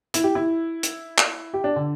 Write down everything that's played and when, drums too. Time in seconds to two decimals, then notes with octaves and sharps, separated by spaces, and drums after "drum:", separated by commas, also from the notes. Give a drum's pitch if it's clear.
0.14 E4, drum: hi-hat
0.24 G4
0.35 E4
0.83 drum: hi-hat
1.18 drum: clap
1.54 G4
1.64 D4
1.76 D3